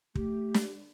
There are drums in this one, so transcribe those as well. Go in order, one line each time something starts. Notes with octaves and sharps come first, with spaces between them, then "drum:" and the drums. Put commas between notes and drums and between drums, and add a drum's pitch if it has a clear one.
A3 G4, drum: kick
drum: snare